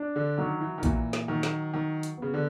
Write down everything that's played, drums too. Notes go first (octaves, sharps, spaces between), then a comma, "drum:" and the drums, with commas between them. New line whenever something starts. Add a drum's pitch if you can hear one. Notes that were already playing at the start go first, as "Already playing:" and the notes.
Already playing: D4
D3
D#3 F#3
E3
D#3
A#2 E3, drum: kick A#1, hi-hat
drum: snare
D#3 F#3
drum: snare
D#3 F#3
drum: hi-hat
C#3 B3
D3